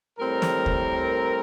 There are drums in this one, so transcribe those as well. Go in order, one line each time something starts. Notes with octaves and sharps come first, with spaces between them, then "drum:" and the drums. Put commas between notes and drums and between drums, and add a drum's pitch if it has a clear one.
A2 G3 C4 A#4
drum: snare
drum: kick D2